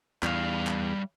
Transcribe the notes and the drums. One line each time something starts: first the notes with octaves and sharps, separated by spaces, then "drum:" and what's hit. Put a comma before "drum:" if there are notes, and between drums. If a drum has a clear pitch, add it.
E2 G3 F5, drum: clap
drum: clap